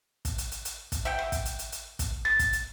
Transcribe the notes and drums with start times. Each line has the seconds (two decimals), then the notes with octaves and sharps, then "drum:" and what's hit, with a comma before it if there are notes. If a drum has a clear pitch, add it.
0.25 drum: kick, hi-hat
0.38 drum: hi-hat
0.52 drum: hi-hat
0.65 drum: hi-hat
0.92 drum: kick, hi-hat
1.05 E5 F#5 G5
1.19 drum: rim click
1.32 drum: kick, hi-hat
1.45 drum: hi-hat
1.59 drum: hi-hat
1.72 drum: hi-hat
1.99 drum: kick, hi-hat
2.25 A6, drum: rim click
2.39 drum: kick, hi-hat
2.53 drum: hi-hat